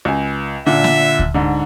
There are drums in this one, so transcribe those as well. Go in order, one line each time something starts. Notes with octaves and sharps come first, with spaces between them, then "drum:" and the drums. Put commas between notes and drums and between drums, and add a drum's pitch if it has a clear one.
C#2 G#5
A#2 D3 E5
drum: snare
drum: kick D2
G#2 D3